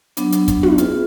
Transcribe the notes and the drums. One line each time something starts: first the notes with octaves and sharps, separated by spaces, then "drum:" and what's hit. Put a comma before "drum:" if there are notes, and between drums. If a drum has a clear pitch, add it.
F#3 B3 D4, drum: hi-hat
drum: hi-hat
drum: kick, hi-hat
drum: tom
F4 G#4 B4 E5, drum: hi-hat